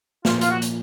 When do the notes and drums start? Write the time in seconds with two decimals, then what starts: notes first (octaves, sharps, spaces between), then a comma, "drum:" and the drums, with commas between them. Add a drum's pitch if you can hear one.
0.25 A#2 F3 A#3 F4, drum: snare
0.41 F4, drum: hi-hat
0.50 F#4
0.62 drum: hi-hat